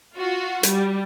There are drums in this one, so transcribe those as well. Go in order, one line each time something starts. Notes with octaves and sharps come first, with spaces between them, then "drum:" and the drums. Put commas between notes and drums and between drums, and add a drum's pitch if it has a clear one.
F4 F#4
G3, drum: hi-hat